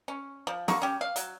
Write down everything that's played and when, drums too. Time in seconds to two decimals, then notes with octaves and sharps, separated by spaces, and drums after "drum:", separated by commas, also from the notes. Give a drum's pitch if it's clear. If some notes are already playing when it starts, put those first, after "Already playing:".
0.08 C#4
0.47 F3
0.68 D3 A#3 C#6, drum: snare
0.82 C#4 G4
1.01 F5
1.16 F#3, drum: hi-hat